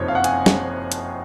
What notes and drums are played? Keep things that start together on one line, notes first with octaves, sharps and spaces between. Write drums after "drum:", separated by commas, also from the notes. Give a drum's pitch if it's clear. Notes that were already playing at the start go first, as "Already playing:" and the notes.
Already playing: F#1 F2 C3 F3 D#4 C#5
F5
F#5
G#5, drum: hi-hat
drum: snare
drum: hi-hat